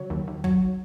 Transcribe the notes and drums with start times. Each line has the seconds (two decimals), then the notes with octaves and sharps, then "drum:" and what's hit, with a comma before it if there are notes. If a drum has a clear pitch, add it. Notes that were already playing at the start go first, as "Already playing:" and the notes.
Already playing: C#3 F#3
0.10 D#2
0.28 D#2
0.44 F#3, drum: kick